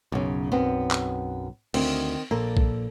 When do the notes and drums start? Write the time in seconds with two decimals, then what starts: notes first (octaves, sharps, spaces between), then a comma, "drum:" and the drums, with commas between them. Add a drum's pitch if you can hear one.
0.12 B1 F#2 C#3
0.52 F#2 B3 C4
0.91 drum: clap
1.74 D2 D#3 C4, drum: cymbal
2.31 A#1 A#2 A#3 A4
2.57 drum: kick B1